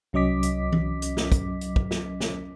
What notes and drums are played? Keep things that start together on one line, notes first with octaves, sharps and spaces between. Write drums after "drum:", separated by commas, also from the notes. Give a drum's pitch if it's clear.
C2 F#3 C#4 D#5 D6 B6
drum: hi-hat
drum: tom E3
drum: hi-hat
drum: snare
drum: kick, hi-hat
drum: hi-hat
drum: kick
drum: snare
drum: snare